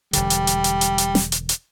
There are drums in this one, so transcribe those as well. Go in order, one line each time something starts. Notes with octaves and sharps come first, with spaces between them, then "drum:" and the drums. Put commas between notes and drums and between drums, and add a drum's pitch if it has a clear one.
E1 D3 G3, drum: hi-hat
drum: hi-hat
drum: hi-hat
drum: hi-hat
drum: hi-hat
drum: hi-hat
drum: snare
drum: hi-hat
drum: hi-hat